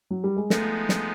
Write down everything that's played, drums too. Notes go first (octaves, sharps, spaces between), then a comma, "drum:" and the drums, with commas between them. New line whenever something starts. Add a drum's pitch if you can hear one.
F#3
G3
G#3
F3 G#3 A3 B3 D#4, drum: snare
drum: snare